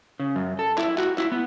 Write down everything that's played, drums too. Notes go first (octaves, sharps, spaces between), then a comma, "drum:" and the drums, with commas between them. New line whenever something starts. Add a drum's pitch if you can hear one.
C#3
F#2
A4
E4, drum: clap
F#4, drum: clap
E4, drum: clap
B3